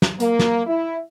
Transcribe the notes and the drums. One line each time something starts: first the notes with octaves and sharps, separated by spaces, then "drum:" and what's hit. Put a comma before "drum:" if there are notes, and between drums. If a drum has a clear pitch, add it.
drum: snare
A#3, drum: hi-hat
drum: snare
E4